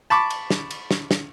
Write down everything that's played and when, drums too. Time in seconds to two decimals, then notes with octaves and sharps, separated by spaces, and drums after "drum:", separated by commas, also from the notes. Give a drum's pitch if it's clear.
0.10 A5 B5 C#6 D6
0.30 drum: cymbal
0.50 drum: snare
0.71 drum: cymbal
0.91 drum: snare
1.11 drum: snare